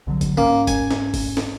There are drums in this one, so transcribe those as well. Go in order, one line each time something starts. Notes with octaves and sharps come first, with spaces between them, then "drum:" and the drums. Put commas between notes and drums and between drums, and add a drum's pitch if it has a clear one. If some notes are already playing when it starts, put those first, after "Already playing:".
C2 D3 F#3
drum: kick F#1, hi-hat
G#2 A#3 C#4
G#5, drum: kick F#1, hi-hat
drum: snare
drum: kick F#1, open hi-hat
drum: snare